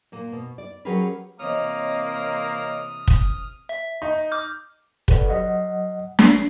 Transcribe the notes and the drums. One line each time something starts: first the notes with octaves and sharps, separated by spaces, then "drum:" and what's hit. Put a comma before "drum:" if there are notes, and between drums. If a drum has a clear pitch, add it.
A#2 A#3
B2
D5
F#3 C#4 G4 G#4 A#4 B4
C3 E3 A#3 C4 C#5 D#5 D#6 F6
drum: kick
E5
D#4
D6 F6 G6
G4 A4 B4 D5 F#5, drum: kick
F#3 D#5 F#5
G1 D4 C7, drum: snare